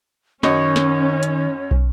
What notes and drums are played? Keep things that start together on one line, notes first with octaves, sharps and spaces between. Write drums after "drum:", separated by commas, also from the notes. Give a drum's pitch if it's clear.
F#2 D#3 C#4 C#5 D#5 C#6, drum: snare
drum: snare
drum: hi-hat
drum: kick